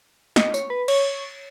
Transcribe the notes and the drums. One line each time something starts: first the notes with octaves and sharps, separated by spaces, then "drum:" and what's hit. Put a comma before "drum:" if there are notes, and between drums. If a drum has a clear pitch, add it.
D#5, drum: snare
C#5, drum: tambourine
B4
C#5, drum: cymbal